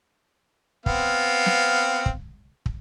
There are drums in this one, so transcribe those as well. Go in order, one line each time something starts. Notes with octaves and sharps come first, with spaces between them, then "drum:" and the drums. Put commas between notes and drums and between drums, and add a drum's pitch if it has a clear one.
B3 C4 F5, drum: kick
drum: snare
drum: kick
drum: kick